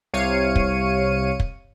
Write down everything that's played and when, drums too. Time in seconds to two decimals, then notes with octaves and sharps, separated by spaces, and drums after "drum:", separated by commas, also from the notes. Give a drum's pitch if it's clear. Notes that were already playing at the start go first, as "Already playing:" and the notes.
0.13 C2 C3 C#5 F5 C#7 D#7
0.55 drum: kick
1.40 drum: kick